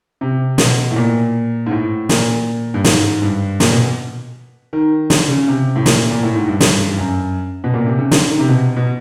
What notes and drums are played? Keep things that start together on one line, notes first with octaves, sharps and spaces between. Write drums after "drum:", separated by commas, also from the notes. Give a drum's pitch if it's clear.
C3
B2, drum: snare
A2
A#2
G#2
A2
A#2, drum: snare
G2
G#2, drum: snare
G2
A#2, drum: snare
B2
D#3
D3, drum: snare
C#3
C3
A2
A#2, drum: snare
A#2
A2
G#2
G2
G2, drum: snare
G2
F#2
B2
A#2
C3
C#3
D3, drum: snare
D#3
C3
B2
B2